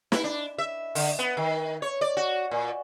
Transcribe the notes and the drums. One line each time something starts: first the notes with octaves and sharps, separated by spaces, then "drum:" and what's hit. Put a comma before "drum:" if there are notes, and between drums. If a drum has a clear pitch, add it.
E4, drum: snare
D4
E5
D3, drum: open hi-hat
B3
D#3
C#5
D5
F#4
A#2